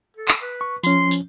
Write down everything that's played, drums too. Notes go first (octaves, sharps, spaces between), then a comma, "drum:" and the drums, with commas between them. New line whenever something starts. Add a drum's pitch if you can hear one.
A4
drum: clap
B4
C#6
F3 C#4 C6, drum: tambourine
drum: tambourine